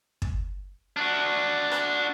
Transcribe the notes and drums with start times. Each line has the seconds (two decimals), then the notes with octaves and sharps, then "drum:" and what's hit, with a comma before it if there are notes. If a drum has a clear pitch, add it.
0.22 drum: kick
0.97 D4 F#4
1.72 drum: rim click